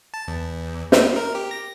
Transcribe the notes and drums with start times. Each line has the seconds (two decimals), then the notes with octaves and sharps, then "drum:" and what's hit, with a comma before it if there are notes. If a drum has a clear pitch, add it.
0.14 A5
0.28 E2
0.92 drum: snare
1.16 A#4
1.35 G4
1.51 A#6